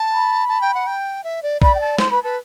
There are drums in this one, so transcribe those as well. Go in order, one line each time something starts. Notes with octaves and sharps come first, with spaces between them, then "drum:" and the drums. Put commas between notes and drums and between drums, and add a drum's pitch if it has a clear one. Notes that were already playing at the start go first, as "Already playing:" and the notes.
Already playing: A5
B5
A5
G5
F#5
G5
E5
D5
D5 B5, drum: kick
G5
A5
C5 C6, drum: snare
B4 B5
B4 A5